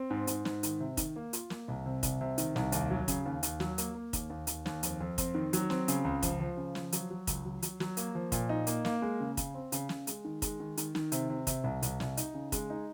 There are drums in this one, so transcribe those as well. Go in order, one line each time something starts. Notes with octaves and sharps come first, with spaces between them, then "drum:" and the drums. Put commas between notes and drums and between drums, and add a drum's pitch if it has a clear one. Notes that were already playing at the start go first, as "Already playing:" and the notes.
Already playing: C4
G#2
G#2, drum: hi-hat
G#2, drum: snare
D#3, drum: hi-hat
C3
D#3, drum: kick, hi-hat
A#3
F4, drum: hi-hat
A#3, drum: snare
C2
C3
C2, drum: kick, hi-hat
C3
D#3, drum: hi-hat
C2, drum: snare
D#2, drum: hi-hat
F#3
C#3, drum: kick, hi-hat
D#2
D#2, drum: hi-hat
F#3, drum: snare
A#3, drum: hi-hat
A#3
D#2, drum: kick, hi-hat
D#2
D#2, drum: hi-hat
D#2, drum: snare
F2, drum: hi-hat
F2
C4, drum: kick, hi-hat
D#3
F#3, drum: hi-hat
C4, drum: snare
C#3, drum: hi-hat
C#2
F3, drum: kick, hi-hat
F3
C#3
F3, drum: snare
F#3, drum: hi-hat
F#3
C#2, drum: kick, hi-hat
F#3
F#3, drum: hi-hat
F#3, drum: snare
A#3, drum: hi-hat
F3
A#2, drum: kick, hi-hat
D#4
A#3, drum: hi-hat
A#3, drum: snare
G#3
C#3
C#3, drum: kick, hi-hat
C4
C#3, drum: hi-hat
C#3, drum: snare
G#3, drum: hi-hat
D#3
G#3, drum: kick, hi-hat
D#3
D#3, drum: hi-hat
D#3, drum: snare
C3, drum: hi-hat
C3
C3, drum: kick, hi-hat
C2
C2, drum: hi-hat
C2, drum: snare
D#4, drum: hi-hat
C#3
G#3, drum: kick, hi-hat
D#4